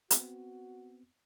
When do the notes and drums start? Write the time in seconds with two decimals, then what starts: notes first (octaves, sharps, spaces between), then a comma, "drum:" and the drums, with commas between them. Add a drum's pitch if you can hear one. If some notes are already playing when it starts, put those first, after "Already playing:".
0.11 B3 C4 F#4, drum: hi-hat